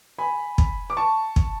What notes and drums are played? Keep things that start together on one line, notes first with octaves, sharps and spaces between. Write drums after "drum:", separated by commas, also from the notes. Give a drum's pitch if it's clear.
G#5 B5
drum: kick
D6
A5 C#6
drum: kick